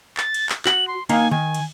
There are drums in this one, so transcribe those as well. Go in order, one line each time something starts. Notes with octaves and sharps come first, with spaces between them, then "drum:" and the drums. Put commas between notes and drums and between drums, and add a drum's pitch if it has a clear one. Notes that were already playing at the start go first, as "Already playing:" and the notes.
A6, drum: clap
drum: cymbal
drum: clap
F#4 F#7, drum: clap
C6
A#3 D#4 F5 G#5, drum: cymbal
D#3 G#5
drum: cymbal